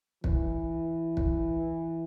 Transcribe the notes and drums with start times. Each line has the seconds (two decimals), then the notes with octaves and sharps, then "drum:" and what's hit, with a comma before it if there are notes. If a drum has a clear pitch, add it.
0.24 E3, drum: kick
1.17 drum: kick